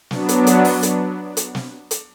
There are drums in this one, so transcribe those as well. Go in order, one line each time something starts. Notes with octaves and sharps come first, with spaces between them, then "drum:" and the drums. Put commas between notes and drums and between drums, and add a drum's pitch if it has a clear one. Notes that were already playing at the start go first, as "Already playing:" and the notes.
F#3 B3 D4, drum: snare
drum: hi-hat
drum: hi-hat
drum: open hi-hat
drum: hi-hat
drum: hi-hat
drum: snare
drum: hi-hat